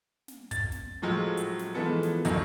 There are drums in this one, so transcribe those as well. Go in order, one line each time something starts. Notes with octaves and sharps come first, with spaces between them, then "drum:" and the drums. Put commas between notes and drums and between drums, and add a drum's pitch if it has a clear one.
drum: snare
A6, drum: kick, hi-hat
drum: snare
A2 F3 F#3 G#3
drum: hi-hat
drum: snare
E3 F3 G#3 B3 A4
drum: snare
G#1 B2 D3 D#3 F#3, drum: kick, hi-hat